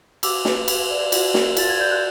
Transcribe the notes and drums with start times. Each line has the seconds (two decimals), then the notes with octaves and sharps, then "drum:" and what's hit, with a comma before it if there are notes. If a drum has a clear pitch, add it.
0.23 G4 D6 E6, drum: cymbal
0.45 B4, drum: snare
0.68 G4, drum: cymbal
0.90 D5
1.12 F4, drum: cymbal
1.34 A#4, drum: snare
1.57 F4 A6, drum: cymbal
1.69 G#6
1.79 D5 G6
1.91 F#6